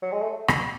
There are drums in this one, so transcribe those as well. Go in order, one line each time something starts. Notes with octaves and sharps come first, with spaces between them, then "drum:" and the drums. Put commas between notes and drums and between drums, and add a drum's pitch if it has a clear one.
F#3
G#3
A3
drum: rim click